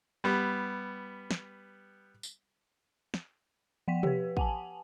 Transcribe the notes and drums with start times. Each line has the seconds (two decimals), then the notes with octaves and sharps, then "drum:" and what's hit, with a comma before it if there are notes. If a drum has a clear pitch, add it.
0.24 G3 B3
1.31 drum: snare
2.23 drum: tambourine
3.14 drum: snare
3.88 F3 F#5 G5 B6
4.03 G4 B4, drum: tom
4.37 F#5 G#5 A5, drum: kick